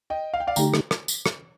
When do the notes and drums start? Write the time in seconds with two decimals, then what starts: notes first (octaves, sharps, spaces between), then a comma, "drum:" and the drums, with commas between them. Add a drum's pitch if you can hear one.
0.10 D#5 G5
0.34 F5
0.40 G5
0.47 D5 F5
0.56 D3 A3 D#4 G4 G5 A#5, drum: tambourine
0.74 drum: rim click
0.91 drum: rim click
1.08 drum: tambourine
1.26 drum: rim click